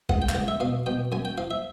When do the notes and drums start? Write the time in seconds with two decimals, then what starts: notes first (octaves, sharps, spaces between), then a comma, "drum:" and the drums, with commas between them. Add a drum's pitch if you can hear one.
0.09 C#2 F#5, drum: kick G#1
0.22 G5
0.29 F5, drum: clap
0.35 C#2 F#5
0.48 E5
0.60 B2 F5
0.86 B2 G5
1.12 F#2 G#5
1.25 G5
1.38 F3 F5
1.51 E5